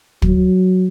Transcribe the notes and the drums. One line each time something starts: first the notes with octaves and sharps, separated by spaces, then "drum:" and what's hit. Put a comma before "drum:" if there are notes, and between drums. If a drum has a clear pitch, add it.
F#3, drum: kick